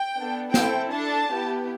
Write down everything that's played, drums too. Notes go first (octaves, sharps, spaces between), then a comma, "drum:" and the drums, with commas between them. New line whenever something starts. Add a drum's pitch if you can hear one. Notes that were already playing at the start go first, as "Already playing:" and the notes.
Already playing: G5
B3 D4 A4
C4 E4 A4 G5, drum: snare B3
D4 A4 A5
B3 E4 G4